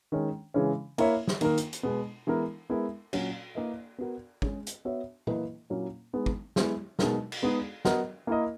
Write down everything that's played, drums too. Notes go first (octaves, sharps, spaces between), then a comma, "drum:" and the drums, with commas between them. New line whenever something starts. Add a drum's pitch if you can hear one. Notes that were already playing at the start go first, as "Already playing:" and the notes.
D#3 G#3 C#4
C#3 E3 G#3 C#4
A#3 E4 A#4 C#5 E5, drum: cymbal
drum: snare
D#3 A#3 D#4 A#4, drum: cymbal
drum: hi-hat
drum: hi-hat
B2 G#3 B3
E3 G#3 B3 E4 A#4
G#3 B3 E4 A#4 E5
A#2 F#3 C#4 F#4, drum: cymbal
A#3 E4 B4 D#5
B3 F#4 A#4
G#3 C#4 G#4, drum: kick
drum: hi-hat
B3 F#4 C#5 E5
E3 A#3 E4 B4 D#5, drum: tom A#2
A#2 F#3 A#3 C#4 E4
G#3 B3 D#4
drum: kick
G#3 B3 E4, drum: snare
B2 G#3 D#4 F#4 A#4, drum: snare
drum: cymbal
G#3 B3 D#4 G#4
B3 F#4 A#4 D#5, drum: snare
A#3 E4 A#4 D#5